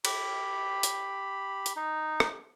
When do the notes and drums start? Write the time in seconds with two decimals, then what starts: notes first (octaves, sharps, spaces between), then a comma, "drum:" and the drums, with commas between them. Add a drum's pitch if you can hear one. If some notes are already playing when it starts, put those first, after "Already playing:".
0.05 G4 B5, drum: cymbal
0.83 drum: hi-hat
1.66 drum: hi-hat
1.76 D#4
2.20 drum: rim click